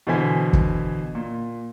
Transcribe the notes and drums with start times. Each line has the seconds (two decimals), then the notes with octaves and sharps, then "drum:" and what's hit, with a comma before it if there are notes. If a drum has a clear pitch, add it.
0.07 B2 D3 E3 C5 G#5 B6
0.53 drum: kick
1.15 A#2